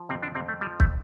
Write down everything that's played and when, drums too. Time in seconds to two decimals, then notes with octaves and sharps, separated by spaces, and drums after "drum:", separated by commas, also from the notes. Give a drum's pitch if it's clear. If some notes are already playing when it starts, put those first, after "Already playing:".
Already playing: F3
0.09 F2 C3 C4
0.22 D3 D4
0.35 F2 C3 C4
0.48 A3
0.61 F3 G3
0.80 A3, drum: kick